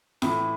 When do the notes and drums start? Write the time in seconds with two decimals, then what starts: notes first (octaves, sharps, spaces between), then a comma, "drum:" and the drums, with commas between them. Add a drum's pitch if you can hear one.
0.22 A2 E3, drum: snare F4